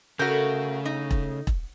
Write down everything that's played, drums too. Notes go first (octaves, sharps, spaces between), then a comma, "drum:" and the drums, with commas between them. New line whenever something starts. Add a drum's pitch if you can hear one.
C#3 A3 F#4 A#4 G6
D#4
drum: kick E1
drum: kick E1